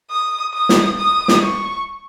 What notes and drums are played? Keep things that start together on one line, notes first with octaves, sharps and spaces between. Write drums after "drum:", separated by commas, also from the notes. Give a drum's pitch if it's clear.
D#6
D#6
drum: snare
D#6
drum: snare
C#6